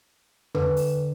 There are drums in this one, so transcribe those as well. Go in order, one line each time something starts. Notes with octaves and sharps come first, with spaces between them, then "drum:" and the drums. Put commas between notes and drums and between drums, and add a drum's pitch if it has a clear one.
D3 B4, drum: tom E2
drum: open hi-hat